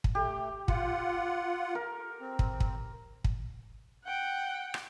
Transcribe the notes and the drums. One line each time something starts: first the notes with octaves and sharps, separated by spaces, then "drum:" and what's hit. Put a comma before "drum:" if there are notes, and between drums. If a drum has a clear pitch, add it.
drum: kick
A3 G4
F4 F#5, drum: kick
A#4
C4
drum: kick
drum: kick
drum: kick
F#5 G5
drum: rim click